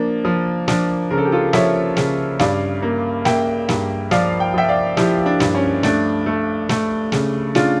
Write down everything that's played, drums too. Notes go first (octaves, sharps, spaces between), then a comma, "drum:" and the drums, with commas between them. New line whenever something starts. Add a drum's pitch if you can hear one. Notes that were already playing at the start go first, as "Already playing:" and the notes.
Already playing: F3 A#3 D4
F3
F3 D4, drum: snare
C#3 A#4
A4
G4
F4 A4
F3 C#5 E5, drum: snare
C#3, drum: snare
G2 D5 F5, drum: snare
A#3
A#3 E5 G5, drum: snare
G2, drum: snare
F3 D5 F5, drum: snare
G5
F3 E5 G5
D5 F5
F3 E4 G4, drum: snare
D4
G2, drum: snare
C#4
A3 D4, drum: snare
A3
A3, drum: snare
C#3, drum: snare
C#3 D4 F4, drum: snare